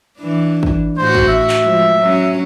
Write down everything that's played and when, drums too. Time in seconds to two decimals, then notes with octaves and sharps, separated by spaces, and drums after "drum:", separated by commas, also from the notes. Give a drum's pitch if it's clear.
0.18 E3 D4
0.63 drum: kick
0.97 A2 F#4 C5
1.15 drum: kick
1.28 E5
1.49 drum: clap
1.63 F3 G#3
1.99 F#3 C#4